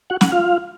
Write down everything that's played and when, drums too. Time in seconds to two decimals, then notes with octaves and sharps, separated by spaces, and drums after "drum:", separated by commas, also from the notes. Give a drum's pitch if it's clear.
0.10 F#4 F#5
0.21 F#5, drum: snare
0.32 F4 F5